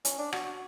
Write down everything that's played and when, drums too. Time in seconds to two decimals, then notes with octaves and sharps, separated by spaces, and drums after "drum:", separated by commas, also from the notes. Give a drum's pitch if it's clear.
0.05 C#4, drum: hi-hat
0.18 D4
0.33 F#4, drum: rim click